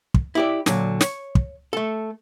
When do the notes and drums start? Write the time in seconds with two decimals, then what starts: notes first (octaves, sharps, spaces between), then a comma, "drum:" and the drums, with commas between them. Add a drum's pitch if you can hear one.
0.14 drum: kick
0.35 E4 G4 D5
0.66 A#2 D3 F#3, drum: snare
1.01 C#5, drum: snare
1.35 drum: kick
1.73 A3 A4